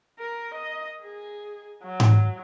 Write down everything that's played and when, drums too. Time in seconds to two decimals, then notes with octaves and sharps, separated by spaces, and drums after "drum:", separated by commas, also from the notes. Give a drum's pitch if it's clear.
0.19 A#4
0.54 D#5
1.03 G#4
1.84 F#3
2.00 drum: tom G#2